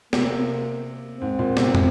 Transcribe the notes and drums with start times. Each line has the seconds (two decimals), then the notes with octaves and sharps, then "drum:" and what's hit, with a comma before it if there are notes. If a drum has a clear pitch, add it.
0.13 C3 A#3, drum: snare
1.21 G#2 C4
1.39 A#2
1.57 C3, drum: snare
1.75 C3, drum: tom